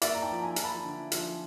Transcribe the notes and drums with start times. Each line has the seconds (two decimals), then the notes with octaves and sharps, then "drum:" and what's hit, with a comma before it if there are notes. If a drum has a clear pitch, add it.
0.02 A#3 D5 E5, drum: hi-hat
0.15 A#5
0.22 G5 A5
0.29 F3
0.42 G#5 A#5
0.56 F3, drum: hi-hat
0.64 A5 B5
0.84 D3
1.12 F3, drum: hi-hat